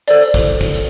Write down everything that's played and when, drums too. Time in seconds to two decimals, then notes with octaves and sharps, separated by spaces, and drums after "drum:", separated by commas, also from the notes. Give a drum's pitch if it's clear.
0.08 A4 C5 D5, drum: hi-hat
0.21 drum: hi-hat
0.34 drum: kick, hi-hat
0.61 drum: kick, hi-hat
0.74 drum: hi-hat